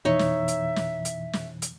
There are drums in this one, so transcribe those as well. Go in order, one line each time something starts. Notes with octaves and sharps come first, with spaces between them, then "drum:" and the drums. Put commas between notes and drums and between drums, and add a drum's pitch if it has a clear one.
F2 B2 E3 D#4 C#5 E5
drum: snare
drum: hi-hat
drum: snare
drum: hi-hat
drum: snare
drum: hi-hat